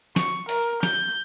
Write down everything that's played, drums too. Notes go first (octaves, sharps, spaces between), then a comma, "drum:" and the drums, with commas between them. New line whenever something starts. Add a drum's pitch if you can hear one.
C#6, drum: snare
A#4, drum: open hi-hat
G6, drum: snare